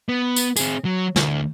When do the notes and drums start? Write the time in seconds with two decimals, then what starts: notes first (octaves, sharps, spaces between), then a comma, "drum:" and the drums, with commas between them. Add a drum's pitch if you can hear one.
0.09 B3
0.36 drum: tambourine
0.56 C4 G#4, drum: tambourine
0.85 F#3
1.16 D2, drum: snare